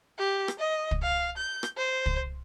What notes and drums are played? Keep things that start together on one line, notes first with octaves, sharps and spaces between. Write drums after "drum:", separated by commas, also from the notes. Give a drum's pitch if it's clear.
G4
drum: rim click
D#5
drum: kick
F5
G6
drum: rim click
C5
drum: kick